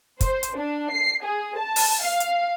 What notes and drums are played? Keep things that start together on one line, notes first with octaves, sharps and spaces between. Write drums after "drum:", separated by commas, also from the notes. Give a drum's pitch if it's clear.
C5, drum: kick, hi-hat
drum: hi-hat
D4
C7
G#4
A5
drum: open hi-hat
F5
drum: hi-hat